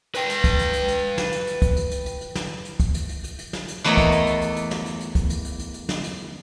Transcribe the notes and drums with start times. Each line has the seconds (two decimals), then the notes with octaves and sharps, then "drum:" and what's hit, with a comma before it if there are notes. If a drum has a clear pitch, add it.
0.15 B4 G5, drum: hi-hat
0.29 drum: hi-hat
0.44 drum: kick, hi-hat
0.59 drum: hi-hat
0.74 drum: hi-hat
0.88 drum: hi-hat
1.18 drum: snare
1.32 drum: hi-hat
1.47 drum: hi-hat
1.62 drum: kick, hi-hat
1.77 drum: hi-hat
1.91 drum: hi-hat
2.06 drum: hi-hat
2.21 drum: hi-hat
2.35 drum: snare
2.65 drum: hi-hat
2.80 drum: kick, hi-hat
2.94 drum: hi-hat
3.09 drum: hi-hat
3.24 drum: hi-hat
3.39 drum: hi-hat
3.53 drum: snare
3.68 drum: hi-hat
3.84 E2 A3 A#3 C#5 D#5, drum: hi-hat
3.97 drum: kick, hi-hat
4.12 drum: hi-hat
4.27 drum: hi-hat
4.42 drum: hi-hat
4.56 drum: hi-hat
4.71 drum: snare
4.86 drum: hi-hat
5.00 drum: hi-hat
5.15 drum: kick, hi-hat
5.30 drum: hi-hat
5.45 drum: hi-hat
5.59 drum: hi-hat
5.74 drum: hi-hat
5.89 drum: snare
6.04 drum: hi-hat